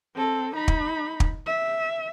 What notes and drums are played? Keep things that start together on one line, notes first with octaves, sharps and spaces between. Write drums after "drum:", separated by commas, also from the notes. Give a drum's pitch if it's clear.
C4 A4
D#4 B5
drum: kick
drum: kick
E5